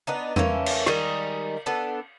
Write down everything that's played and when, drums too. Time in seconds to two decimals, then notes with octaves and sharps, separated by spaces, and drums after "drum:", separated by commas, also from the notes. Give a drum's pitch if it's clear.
0.07 B3 D4 D#4
0.36 E3 A3 A#3 C#4, drum: tom E2
0.66 drum: cymbal
0.86 D#3 G3 G#3 D#4, drum: rim click
1.66 B3 D4 A4